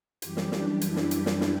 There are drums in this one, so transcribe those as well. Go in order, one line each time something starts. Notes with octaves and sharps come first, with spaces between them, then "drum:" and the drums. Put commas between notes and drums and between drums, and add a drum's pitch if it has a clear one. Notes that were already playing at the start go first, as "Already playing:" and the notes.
F#2 E3 G3 G4, drum: hi-hat
drum: snare
D4, drum: snare
E4, drum: hi-hat
drum: snare
drum: hi-hat
drum: snare
drum: snare